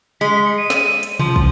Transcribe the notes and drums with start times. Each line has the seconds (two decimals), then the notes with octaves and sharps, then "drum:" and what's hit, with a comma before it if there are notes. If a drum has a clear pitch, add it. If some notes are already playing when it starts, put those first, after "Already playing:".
0.21 G#3 B6
0.33 B6
0.46 C#7
0.58 D#7
0.70 drum: snare
1.03 drum: hi-hat
1.19 F3, drum: tom B2
1.36 drum: kick